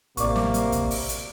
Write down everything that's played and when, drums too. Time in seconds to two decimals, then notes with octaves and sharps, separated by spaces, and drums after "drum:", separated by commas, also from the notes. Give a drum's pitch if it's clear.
0.17 A1 C3 A#3 D5 C#6 D6, drum: hi-hat
0.36 drum: snare
0.54 drum: hi-hat
0.72 drum: kick, hi-hat
0.91 drum: open hi-hat
1.09 drum: hi-hat